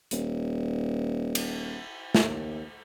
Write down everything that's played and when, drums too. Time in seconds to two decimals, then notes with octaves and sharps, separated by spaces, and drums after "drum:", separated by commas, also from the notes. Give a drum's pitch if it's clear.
0.11 D#1, drum: hi-hat
1.35 drum: cymbal
2.15 D#2, drum: snare